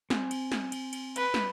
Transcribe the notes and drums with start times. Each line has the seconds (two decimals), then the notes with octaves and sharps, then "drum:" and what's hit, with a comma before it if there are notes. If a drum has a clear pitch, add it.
0.10 C4 G#5, drum: snare
0.31 drum: cymbal
0.52 drum: snare
0.72 drum: cymbal
0.93 drum: cymbal
1.16 B4, drum: cymbal
1.34 drum: snare